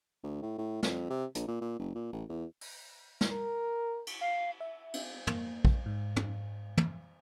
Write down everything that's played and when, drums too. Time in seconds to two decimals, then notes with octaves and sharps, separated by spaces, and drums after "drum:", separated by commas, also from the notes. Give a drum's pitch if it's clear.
0.23 D2
0.42 A2
0.58 A2
0.83 F2, drum: snare
1.10 C3
1.35 A#1, drum: hi-hat
1.48 A#2
1.61 A#2
1.79 F#1
1.95 A#2
2.13 A1
2.29 E2
2.61 drum: open hi-hat
3.21 drum: snare
3.31 A#4
4.07 drum: cymbal
4.21 F5
4.60 E5
4.94 drum: cymbal
5.27 A#3, drum: tom
5.65 drum: kick
5.86 G#2
6.16 drum: tom
6.77 drum: tom